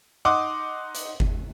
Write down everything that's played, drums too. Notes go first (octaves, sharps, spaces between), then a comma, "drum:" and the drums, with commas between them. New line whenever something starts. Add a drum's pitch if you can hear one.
D#4 F#5 C6 D6 D#6
drum: hi-hat
drum: kick F#1